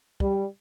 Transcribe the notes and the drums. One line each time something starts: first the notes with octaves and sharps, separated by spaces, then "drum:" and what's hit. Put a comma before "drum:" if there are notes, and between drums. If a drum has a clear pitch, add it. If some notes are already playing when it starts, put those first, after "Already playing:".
G3, drum: kick